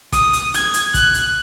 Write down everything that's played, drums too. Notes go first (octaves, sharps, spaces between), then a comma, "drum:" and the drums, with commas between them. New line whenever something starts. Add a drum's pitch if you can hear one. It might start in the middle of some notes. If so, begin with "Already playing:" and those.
D#6, drum: kick, hi-hat
drum: hi-hat
G#6, drum: hi-hat
drum: hi-hat
F#6, drum: kick, hi-hat
drum: hi-hat